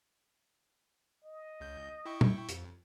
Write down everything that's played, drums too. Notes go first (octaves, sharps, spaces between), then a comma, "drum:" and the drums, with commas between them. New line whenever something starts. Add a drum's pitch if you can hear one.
D#5
C#2 G6
E4 G5 C#6
drum: tom
F2, drum: hi-hat